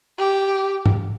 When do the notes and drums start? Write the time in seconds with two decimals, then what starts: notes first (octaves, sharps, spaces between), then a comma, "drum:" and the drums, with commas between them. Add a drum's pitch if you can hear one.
0.18 G4
0.86 drum: tom G#2